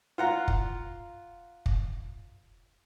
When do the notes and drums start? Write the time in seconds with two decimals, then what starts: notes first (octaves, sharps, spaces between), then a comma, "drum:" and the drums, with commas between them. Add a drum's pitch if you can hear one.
0.18 F4 F#5 A#5
0.48 drum: kick
1.66 drum: kick